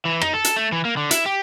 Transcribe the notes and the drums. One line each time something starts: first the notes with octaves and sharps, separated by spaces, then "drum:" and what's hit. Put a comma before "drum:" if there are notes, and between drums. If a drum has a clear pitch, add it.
E3
D#4, drum: rim click
A4
drum: hi-hat
A3
E3
A#3
D3
E4, drum: hi-hat
G4